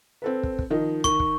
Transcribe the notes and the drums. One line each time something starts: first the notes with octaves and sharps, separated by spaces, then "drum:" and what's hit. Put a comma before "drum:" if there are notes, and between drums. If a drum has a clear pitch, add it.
C4 A4 B4
drum: kick
drum: kick
D#3 F3 D#5
D#3 C#6, drum: kick
drum: kick